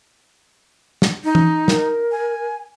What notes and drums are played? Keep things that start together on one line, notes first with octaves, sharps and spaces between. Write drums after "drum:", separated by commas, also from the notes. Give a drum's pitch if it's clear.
drum: snare
D#4
drum: tom
A#4, drum: snare
G#5